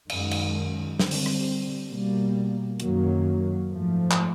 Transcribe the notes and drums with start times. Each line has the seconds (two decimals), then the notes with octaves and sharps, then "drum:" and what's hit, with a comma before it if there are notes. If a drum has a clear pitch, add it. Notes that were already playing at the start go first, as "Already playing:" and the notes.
0.09 F#2 D#3 G#3, drum: cymbal
0.31 drum: cymbal
0.99 D3 G3 C4, drum: snare
1.11 drum: open hi-hat
1.26 drum: rim click
1.89 B2 G3 A#3
2.80 F#2 D#3 F#3 A#3, drum: hi-hat
3.69 G#2 F3 A3
4.11 drum: clap